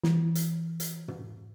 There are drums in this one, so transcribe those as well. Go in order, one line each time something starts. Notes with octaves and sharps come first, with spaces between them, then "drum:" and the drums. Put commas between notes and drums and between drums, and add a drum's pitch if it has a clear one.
E3, drum: snare
drum: hi-hat
drum: hi-hat
drum: tom